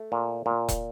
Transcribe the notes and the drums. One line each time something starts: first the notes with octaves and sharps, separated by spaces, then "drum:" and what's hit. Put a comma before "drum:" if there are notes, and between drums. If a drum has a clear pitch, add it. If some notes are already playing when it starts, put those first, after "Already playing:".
Already playing: A3
A#2
A#2
drum: kick E1, hi-hat